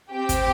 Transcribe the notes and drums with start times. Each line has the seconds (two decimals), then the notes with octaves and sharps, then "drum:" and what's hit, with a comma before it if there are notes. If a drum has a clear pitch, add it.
0.10 C4 G4 G5
0.29 drum: kick, hi-hat